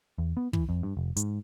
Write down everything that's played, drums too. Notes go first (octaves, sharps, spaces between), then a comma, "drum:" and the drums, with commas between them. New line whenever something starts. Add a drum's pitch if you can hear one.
E2
B3
E3, drum: kick
F2
G2
F1
G#2, drum: hi-hat